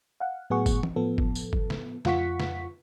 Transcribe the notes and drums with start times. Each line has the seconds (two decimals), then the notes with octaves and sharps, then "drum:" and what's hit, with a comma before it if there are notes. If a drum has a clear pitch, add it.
0.20 F5 F#5
0.50 A2 F#3 B3 G#4 F#5 C#6
0.66 drum: kick, tambourine
0.83 drum: tom
0.96 A2 F3 B3 A4
1.18 drum: kick
1.35 drum: tambourine
1.53 drum: kick
1.70 drum: snare
2.05 F2 F4 F#5 C#6 B6, drum: snare
2.40 drum: snare